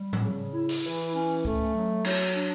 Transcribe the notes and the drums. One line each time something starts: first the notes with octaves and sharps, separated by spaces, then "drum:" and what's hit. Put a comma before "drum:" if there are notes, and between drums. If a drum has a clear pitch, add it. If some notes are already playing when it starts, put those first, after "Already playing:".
Already playing: G3
drum: tom A2
C#3
E4
drum: open hi-hat
E3
C#4
A3, drum: kick C#2
F#3
F#3, drum: cymbal
D4